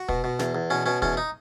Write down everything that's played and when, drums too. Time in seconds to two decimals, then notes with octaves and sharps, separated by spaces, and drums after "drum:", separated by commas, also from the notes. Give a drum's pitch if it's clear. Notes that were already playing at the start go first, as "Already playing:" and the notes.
Already playing: F#4
0.09 B2, drum: kick
0.24 B2
0.39 E2, drum: snare
0.55 E2
0.70 B2 C#4
0.86 B2 C#4
1.02 E2 C#4, drum: kick
1.17 D#4